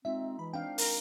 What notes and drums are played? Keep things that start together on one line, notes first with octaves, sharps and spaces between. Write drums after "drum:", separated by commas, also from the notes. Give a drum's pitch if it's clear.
G#3 C4 D#4 F4 E5
E3 B5
C4 D4 F5 G5
A#4, drum: open hi-hat